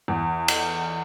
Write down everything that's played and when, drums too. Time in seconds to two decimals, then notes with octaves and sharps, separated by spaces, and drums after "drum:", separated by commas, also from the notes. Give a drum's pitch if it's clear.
0.08 E2
0.48 drum: cymbal